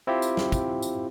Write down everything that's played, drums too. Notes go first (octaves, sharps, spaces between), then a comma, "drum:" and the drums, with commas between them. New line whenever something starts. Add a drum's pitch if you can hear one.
C4 E4 F4 G4
drum: tambourine
drum: snare
drum: kick, tambourine
drum: tambourine